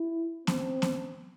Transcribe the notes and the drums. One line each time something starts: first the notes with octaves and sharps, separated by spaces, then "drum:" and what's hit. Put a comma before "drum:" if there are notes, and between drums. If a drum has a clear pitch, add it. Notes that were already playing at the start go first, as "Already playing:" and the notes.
Already playing: E4
C4, drum: snare B3
drum: snare B3